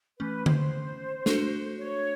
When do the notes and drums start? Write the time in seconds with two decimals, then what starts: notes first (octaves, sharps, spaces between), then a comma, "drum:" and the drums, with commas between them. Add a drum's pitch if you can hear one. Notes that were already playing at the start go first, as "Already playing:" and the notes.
0.19 E3 A3 C#4 B4
0.46 C5, drum: tom D3
1.26 A3 D4 F#4 A4, drum: snare
1.79 C#5